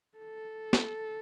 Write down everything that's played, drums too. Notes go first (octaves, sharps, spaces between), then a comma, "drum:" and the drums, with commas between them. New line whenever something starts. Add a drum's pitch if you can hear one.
A4
drum: snare